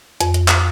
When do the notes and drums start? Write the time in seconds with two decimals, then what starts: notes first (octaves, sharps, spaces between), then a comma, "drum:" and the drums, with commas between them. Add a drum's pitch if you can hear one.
0.21 F2, drum: hi-hat
0.34 drum: hi-hat
0.48 drum: clap